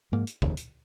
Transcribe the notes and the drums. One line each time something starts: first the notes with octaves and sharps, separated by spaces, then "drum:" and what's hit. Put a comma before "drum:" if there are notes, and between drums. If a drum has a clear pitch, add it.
G#2 F3 A#3
drum: hi-hat
F1 D#2 C#3, drum: kick
drum: hi-hat